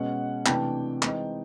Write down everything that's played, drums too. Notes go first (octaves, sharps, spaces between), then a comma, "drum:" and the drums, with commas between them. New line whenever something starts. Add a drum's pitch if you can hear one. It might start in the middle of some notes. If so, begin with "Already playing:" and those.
Already playing: B2 G#3 C#4 F#5
C3 E3 A3 D4 G5, drum: clap
E3 G#3 C4 D#4, drum: clap